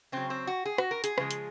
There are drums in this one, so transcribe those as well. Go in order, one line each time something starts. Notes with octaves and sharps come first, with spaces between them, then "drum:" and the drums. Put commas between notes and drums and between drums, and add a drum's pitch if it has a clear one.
C#3 F#3 C4
C4
F#4
G#4
F#4, drum: rim click
A#4
G#4, drum: hi-hat
C#3 F3 G#3, drum: rim click
drum: hi-hat